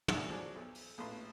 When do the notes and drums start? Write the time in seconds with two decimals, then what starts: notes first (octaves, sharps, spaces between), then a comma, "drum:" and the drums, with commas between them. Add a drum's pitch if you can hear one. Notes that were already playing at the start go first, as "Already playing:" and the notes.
0.08 E2 G3 A3 D4 E6, drum: tom
0.29 F3 F#3 G#4 D5
0.55 B1
0.75 drum: open hi-hat
0.98 A#1 A2 B4 C6